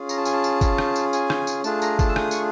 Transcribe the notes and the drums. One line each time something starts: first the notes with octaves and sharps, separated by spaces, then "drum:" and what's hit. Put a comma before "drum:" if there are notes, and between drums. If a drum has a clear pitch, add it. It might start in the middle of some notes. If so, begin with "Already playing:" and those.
Already playing: C#4 F4 G#4
A#5, drum: tambourine
A5
G#5, drum: tambourine
A5
drum: tambourine
drum: kick G1, tambourine
drum: rim click
drum: tambourine
G#5, drum: tambourine
drum: rim click
drum: tambourine
A3 D4 F4 G#4 A5, drum: tambourine
A#5, drum: tambourine
A5, drum: kick G1, tambourine
E6
D#6, drum: rim click
C#6, drum: tambourine